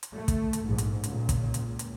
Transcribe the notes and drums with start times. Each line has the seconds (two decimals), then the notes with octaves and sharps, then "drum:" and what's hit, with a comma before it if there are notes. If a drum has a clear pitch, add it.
0.03 drum: hi-hat
0.13 A3
0.28 drum: kick, hi-hat
0.53 drum: hi-hat
0.65 A#1 G#2
0.78 drum: hi-hat
1.04 C#2 A#2, drum: hi-hat
1.29 drum: kick, hi-hat
1.54 drum: hi-hat
1.79 drum: hi-hat